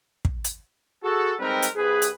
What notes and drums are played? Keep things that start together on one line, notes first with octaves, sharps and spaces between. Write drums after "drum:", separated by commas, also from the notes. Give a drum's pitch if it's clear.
drum: kick
drum: hi-hat
F#4 G#4 A4
G3 G#3 C4 D#4 A#4 B4
drum: hi-hat
C2 G#4 B4
drum: hi-hat